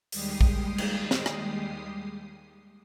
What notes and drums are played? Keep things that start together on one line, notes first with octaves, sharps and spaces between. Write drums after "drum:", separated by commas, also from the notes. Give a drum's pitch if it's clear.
D#2 G3 G#3 G4 D#6 C7, drum: open hi-hat
drum: kick A#1
drum: cymbal
drum: snare
drum: rim click